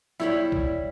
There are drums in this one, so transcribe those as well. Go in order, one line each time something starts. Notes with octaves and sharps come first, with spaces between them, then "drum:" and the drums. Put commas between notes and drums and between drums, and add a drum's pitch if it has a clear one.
G3 E4 C#5 B5
drum: kick